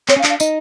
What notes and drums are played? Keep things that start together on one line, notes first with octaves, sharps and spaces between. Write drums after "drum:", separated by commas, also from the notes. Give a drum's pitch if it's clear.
C4 C#5, drum: clap
C#4
F5
D4, drum: clap
F5
D#4 D#5, drum: tambourine